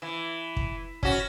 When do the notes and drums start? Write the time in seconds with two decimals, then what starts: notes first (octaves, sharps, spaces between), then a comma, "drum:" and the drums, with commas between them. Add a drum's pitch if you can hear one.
0.02 E3
0.57 drum: kick
1.03 C#4 F#4, drum: kick